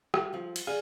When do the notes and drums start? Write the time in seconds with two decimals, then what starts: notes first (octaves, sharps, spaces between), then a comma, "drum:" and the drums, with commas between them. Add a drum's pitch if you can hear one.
0.14 G3 A4 F#5, drum: rim click
0.34 F3
0.56 drum: cymbal
0.67 G#4 D5 F5